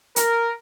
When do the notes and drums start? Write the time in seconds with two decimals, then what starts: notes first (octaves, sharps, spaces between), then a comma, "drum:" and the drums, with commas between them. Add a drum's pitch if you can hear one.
0.16 A#4, drum: hi-hat